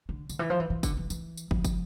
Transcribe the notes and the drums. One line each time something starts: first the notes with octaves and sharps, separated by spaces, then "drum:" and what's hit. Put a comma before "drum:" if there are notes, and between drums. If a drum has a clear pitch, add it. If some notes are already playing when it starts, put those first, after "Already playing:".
D3
D3, drum: tambourine
E3
F3
E3
E3
D3, drum: kick, tambourine
E3
E3, drum: tambourine
drum: tambourine
F3, drum: kick
drum: kick, tambourine